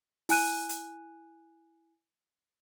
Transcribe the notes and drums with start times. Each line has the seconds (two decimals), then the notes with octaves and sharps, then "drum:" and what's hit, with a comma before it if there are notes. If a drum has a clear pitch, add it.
0.29 E4 G#5 F#6 D#7, drum: open hi-hat
0.69 drum: hi-hat